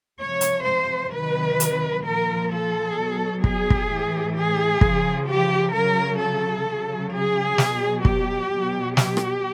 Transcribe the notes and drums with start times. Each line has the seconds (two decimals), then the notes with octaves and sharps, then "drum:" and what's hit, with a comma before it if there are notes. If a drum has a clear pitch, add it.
0.21 C3 F3 C#5
0.41 drum: hi-hat
0.66 C5
1.12 C3 D#3 F#3 B4
1.60 drum: hi-hat
2.05 A#2 F3 A#4
2.51 A4
2.97 B2 F#3
3.44 G#4, drum: kick
3.70 drum: kick
3.90 A2 E3
4.35 G#4
4.81 C#3 F3, drum: kick
5.28 G4
5.74 C#3 F#3 A#4
6.20 A4
6.66 C#3 F#3
7.12 G#4
7.58 B2 F#3, drum: snare
8.05 G4, drum: kick
8.51 B2 F#3
8.97 G4, drum: snare
9.17 drum: rim click